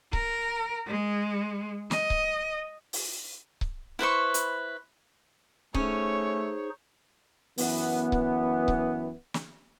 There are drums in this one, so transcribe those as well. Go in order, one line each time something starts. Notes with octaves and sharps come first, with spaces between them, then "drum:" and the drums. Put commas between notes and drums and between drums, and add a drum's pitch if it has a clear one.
A#4, drum: kick C#1
G#3
D#5, drum: snare
drum: kick C#1
drum: open hi-hat
drum: kick C#1
E4 B4 C5 C#6
drum: hi-hat
A3 C#4 D#4 G#4 C5 C#5, drum: kick C#1
F#2 E3 B3, drum: open hi-hat
drum: kick C#1
drum: kick C#1
drum: snare